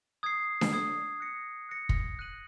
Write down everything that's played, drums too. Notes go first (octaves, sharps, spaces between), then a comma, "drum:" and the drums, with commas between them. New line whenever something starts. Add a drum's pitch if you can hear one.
D#6 G#6 C7
drum: snare D4
D#6 G#6 C7
F#6 A#6 C#7
F#6 A#6 C#7
drum: kick
F#6 A#6 D#7 F#7